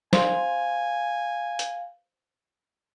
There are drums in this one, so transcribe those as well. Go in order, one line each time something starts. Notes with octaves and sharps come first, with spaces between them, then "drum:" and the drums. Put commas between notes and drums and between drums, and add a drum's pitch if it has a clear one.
C5 F5 G#5, drum: snare
drum: hi-hat